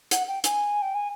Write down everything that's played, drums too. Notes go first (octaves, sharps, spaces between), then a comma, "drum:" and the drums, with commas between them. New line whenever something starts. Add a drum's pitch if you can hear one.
F#5, drum: hi-hat
G5
G#5, drum: hi-hat
G5
G#5